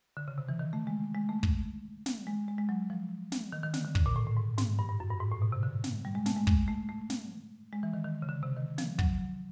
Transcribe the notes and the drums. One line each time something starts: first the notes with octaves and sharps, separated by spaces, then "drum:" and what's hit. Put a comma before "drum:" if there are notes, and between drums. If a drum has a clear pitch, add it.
D3
C#3
C3
E3
D#3
A3
G#3
G#3
A3
drum: kick
drum: snare
G#3
G#3
G#3
F#3
F3
drum: snare
D#3
D#3
D3, drum: snare
D3
D3, drum: kick
A#2
A2
A2
G#2
G#2, drum: snare
G2
G2
F#2
G2
G#2
A2
B2
C3
D3
drum: snare
G3
G#3
A3, drum: snare
G#3
G#3, drum: kick
A3
A3
drum: snare
G#3
E3
D#3
D#3
C#3
D3
C3
D#3
F3, drum: snare
F#3, drum: kick